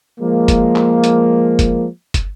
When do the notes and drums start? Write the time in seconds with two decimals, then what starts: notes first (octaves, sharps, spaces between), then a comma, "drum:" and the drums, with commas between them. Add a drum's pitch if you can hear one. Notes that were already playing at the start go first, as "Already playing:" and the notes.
0.21 F3 G#3 A#3
0.48 drum: kick, hi-hat
0.76 drum: clap
1.04 drum: hi-hat
1.59 drum: kick, hi-hat
2.14 drum: kick, hi-hat